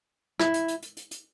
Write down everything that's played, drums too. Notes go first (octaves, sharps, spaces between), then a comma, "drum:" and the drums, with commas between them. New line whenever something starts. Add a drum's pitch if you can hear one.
E4, drum: rim click
drum: hi-hat
drum: hi-hat
drum: hi-hat
drum: hi-hat
drum: hi-hat